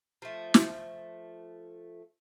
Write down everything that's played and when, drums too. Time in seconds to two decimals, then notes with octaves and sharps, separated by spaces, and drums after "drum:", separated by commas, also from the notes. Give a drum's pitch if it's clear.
0.22 F3 A3
0.54 drum: snare